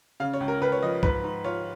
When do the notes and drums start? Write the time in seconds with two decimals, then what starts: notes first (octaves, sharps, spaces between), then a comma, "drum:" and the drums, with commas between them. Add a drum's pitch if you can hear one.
0.20 C#3 F5
0.33 C#5
0.41 C#2
0.48 A#4
0.61 C#2 B4
0.72 C#5
0.83 F3 D#5
1.03 G#2 B4, drum: kick
1.24 G#2
1.44 F4 C#5